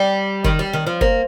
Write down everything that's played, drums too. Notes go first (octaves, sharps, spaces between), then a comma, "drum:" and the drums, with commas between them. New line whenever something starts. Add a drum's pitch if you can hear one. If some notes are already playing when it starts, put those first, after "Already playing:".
Already playing: G3 D5
D#3, drum: kick F#1
G3
D#3
F3
A#3 C5, drum: kick F#1